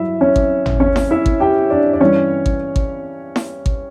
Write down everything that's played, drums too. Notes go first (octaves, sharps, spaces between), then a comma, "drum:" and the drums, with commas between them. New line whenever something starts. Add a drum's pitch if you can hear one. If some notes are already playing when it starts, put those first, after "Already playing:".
Already playing: G2 F#3 E4 E5
C#4 C#5
drum: kick G#1
drum: tom G#1
C#4 C#5
drum: snare E4
E4 E5
drum: kick G#1
G4 G5
D4 D5
D5
G2 E3 G3 C#4 C#5
drum: kick G#1
drum: kick G#1
drum: snare E4
drum: kick G#1